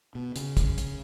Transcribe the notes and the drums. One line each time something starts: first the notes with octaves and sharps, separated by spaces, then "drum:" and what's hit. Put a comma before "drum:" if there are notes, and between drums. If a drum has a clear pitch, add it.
B2
C#3, drum: hi-hat
drum: kick, hi-hat
drum: hi-hat